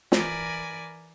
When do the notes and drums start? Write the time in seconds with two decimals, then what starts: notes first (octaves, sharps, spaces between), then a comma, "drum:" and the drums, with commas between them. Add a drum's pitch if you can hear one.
0.12 E3 A#4 D5 G#5 B5, drum: snare